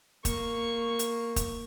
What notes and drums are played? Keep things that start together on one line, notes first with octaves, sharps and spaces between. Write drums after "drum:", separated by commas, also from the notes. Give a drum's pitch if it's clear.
A#3 C#6, drum: kick, hi-hat
drum: hi-hat
drum: kick, hi-hat